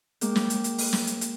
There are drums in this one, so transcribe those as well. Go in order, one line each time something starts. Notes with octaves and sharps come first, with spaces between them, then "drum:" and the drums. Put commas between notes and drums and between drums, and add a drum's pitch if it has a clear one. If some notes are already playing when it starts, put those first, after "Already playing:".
G#3 A#3 G5 D6, drum: hi-hat
drum: snare
drum: hi-hat
drum: hi-hat
drum: open hi-hat
drum: snare
drum: hi-hat
drum: hi-hat